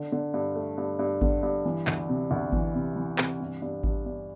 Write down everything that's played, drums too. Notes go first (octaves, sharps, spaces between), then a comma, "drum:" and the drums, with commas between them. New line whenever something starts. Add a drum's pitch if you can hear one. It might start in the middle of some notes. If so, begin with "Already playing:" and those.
Already playing: D3
D3
G2
A3
G2
G2
D3, drum: kick G#1
G2
E3
D2, drum: clap
C3
D2
E3, drum: kick G#1
C3
E3
C3, drum: clap
G2
G2
G2, drum: kick G#1
G2